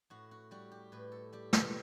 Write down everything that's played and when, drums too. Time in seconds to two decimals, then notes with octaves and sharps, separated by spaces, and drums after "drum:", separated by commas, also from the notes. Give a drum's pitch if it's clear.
0.10 A2 F#4
0.31 F#4
0.51 G3 F#4
0.72 G4
0.92 A2 B4
1.12 A4
1.33 G3 G4
1.53 B4, drum: snare